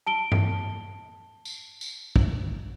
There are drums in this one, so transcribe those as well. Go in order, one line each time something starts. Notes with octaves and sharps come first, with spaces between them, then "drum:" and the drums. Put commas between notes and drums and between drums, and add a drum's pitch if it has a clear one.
A5 D7 G7
drum: tom G2
drum: tambourine
drum: tambourine
drum: kick